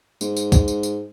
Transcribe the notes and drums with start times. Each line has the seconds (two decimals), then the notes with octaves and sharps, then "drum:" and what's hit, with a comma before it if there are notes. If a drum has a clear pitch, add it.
0.21 G#2, drum: tambourine
0.36 drum: tambourine
0.52 drum: kick C#2, tambourine
0.68 drum: tambourine
0.83 drum: tambourine